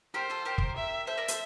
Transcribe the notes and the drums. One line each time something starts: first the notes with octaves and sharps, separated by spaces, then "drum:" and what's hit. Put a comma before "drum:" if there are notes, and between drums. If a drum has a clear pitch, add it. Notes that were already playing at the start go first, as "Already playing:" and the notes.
G4 A#4 C5
F4 A4
G4 A#4
drum: kick
E5
A4 C5 E5
A#4 D5
A4 C5, drum: hi-hat